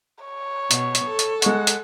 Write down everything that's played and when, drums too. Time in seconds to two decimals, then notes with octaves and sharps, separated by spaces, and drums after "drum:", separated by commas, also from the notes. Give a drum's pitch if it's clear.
0.24 C#5
0.71 B2, drum: hi-hat
0.95 drum: hi-hat
1.05 A4
1.19 drum: hi-hat
1.42 G#3 F#5 C#6, drum: hi-hat
1.67 drum: hi-hat